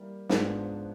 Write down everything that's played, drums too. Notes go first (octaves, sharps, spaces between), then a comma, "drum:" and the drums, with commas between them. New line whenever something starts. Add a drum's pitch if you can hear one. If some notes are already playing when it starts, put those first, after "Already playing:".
Already playing: E3 G3 A#3
G#2 F3 G#3 B3 D4, drum: snare